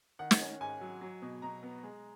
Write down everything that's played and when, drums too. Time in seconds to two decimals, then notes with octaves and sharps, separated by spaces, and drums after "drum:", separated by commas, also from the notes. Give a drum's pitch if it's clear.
0.19 D#3 F#5
0.31 drum: snare
0.40 C#4
0.61 G#2 G#5
0.81 F#3
1.01 F#3
1.22 B2
1.42 B2 A#5
1.63 B3
1.83 G#3